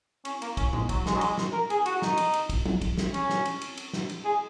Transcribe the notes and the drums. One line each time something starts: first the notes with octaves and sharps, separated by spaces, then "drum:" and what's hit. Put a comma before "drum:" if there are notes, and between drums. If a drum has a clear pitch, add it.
C#4, drum: cymbal
A#3, drum: cymbal
C#4, drum: kick, cymbal
G#3, drum: tom A2
F#3, drum: kick, cymbal
G#3, drum: snare
F#3
G#3, drum: cymbal
drum: snare
A#4
G#4, drum: cymbal
F#4, drum: cymbal
D#4, drum: snare
drum: cymbal
drum: cymbal
drum: kick, cymbal
drum: tom
drum: kick, cymbal
drum: snare
C#4, drum: cymbal
drum: snare
drum: cymbal
drum: cymbal
drum: cymbal
drum: snare
drum: cymbal
G#4